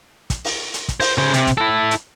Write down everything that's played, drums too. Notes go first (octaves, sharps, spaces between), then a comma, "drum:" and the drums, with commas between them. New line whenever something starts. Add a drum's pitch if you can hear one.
drum: kick, hi-hat
drum: open hi-hat
drum: hi-hat
drum: kick, hi-hat
C5, drum: open hi-hat
C#3 C5
C3, drum: hi-hat
drum: kick, hi-hat
E4 A4
drum: hi-hat